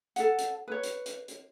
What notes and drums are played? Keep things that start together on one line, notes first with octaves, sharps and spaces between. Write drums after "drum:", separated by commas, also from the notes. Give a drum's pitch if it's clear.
A4 F#5, drum: hi-hat
drum: hi-hat
B4 C#5
drum: hi-hat
drum: hi-hat
drum: hi-hat